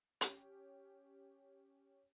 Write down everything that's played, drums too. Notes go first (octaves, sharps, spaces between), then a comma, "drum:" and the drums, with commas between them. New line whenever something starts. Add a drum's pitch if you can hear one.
C#4 G4, drum: hi-hat